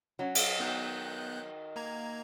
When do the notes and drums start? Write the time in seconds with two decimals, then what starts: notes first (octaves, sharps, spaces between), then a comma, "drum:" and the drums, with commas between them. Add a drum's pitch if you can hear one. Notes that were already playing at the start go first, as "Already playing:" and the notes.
0.19 F#3 C#4
0.35 D#5, drum: cymbal
0.59 D#3 B3 F#4 G5 F#6 G6
1.76 A#3 A#5 G#6